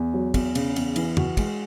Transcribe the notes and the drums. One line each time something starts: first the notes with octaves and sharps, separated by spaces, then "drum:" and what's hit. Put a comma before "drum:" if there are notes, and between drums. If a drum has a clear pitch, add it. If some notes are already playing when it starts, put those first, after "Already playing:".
Already playing: E2
F#3
E2, drum: kick, cymbal
C#3, drum: cymbal
E2, drum: cymbal
E3, drum: cymbal
F#4, drum: tom E2
G#3, drum: kick, cymbal